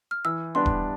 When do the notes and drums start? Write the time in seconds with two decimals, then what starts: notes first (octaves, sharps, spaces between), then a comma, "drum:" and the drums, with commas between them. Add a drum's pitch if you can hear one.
0.11 F6
0.25 E3 E6
0.55 G3 B3 D4 G4 C6
0.66 drum: kick D#1